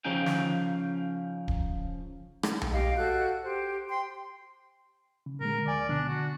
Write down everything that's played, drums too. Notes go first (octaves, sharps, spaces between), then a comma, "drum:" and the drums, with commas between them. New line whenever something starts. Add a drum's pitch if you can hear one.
C#3 F3 C#4 D#4 G5
drum: snare
drum: kick D1
drum: rim click
drum: tom B1
G4 D#5 F5
F#4 A4 F#6 G6
G4 C5
G5 C6
C#3
A#2 D3 G#3 A#4
D2 D5 G#5
B2 D3 D4
F#4